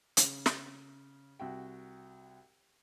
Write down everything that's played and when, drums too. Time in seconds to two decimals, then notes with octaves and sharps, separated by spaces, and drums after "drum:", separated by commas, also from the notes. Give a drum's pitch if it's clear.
0.17 C#3, drum: hi-hat
0.46 drum: snare
1.40 C2 F#4 G5